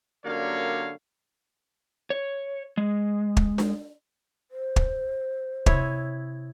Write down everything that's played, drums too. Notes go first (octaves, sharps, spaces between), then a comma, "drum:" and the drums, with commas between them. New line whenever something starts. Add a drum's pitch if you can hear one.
F#2 D3 G3 A#3 C#5 F5
C#5
G#3
drum: kick
drum: snare D4
C5
drum: kick
C3 E4 C#5 D#6 E6, drum: kick